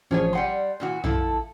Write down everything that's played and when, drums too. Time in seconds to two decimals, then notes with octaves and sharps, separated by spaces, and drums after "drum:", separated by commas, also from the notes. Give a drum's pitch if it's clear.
0.11 A1 F3 C#4 G#4 C#5
0.33 G3 F#5 G#5 C6
0.80 A#2 E3 F#4
1.04 F3 E4 A4, drum: tom A#1